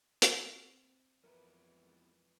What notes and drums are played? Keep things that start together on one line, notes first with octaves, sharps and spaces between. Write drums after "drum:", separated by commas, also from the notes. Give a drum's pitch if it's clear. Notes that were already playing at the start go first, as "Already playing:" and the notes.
C4, drum: hi-hat
F2 E3 F#3 G#3 B3 E4 A#4 B4